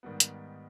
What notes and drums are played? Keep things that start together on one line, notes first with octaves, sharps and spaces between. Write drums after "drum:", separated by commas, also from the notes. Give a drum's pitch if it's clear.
G#2 D#3 G3 B3
drum: hi-hat